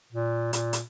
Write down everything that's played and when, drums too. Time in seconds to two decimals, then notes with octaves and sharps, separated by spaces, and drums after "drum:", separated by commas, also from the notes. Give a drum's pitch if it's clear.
0.12 A#2
0.53 A#2, drum: hi-hat
0.73 drum: hi-hat